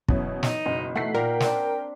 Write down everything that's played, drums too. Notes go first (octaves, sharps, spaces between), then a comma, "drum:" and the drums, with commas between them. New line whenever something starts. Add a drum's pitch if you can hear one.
F#2 B2 E3 C#4, drum: kick
D#4, drum: snare
F#1 B2
E3 A3 D#4 F#5 B6 C7
A#2 A#4 G5
C4 D4, drum: snare